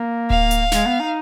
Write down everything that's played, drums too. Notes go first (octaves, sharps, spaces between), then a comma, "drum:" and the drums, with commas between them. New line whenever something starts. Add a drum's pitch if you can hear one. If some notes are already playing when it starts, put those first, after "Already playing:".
Already playing: A#3
F5, drum: kick D1
drum: hi-hat
G#3, drum: snare
B3
D#4